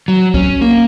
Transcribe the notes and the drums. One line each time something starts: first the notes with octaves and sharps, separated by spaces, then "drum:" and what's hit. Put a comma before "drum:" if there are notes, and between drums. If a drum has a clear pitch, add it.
F#3
C#4, drum: kick C2
A#3